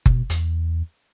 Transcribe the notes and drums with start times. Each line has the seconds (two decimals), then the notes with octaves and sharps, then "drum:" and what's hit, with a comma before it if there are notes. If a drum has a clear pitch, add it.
0.06 B2, drum: kick F#1
0.30 E2, drum: hi-hat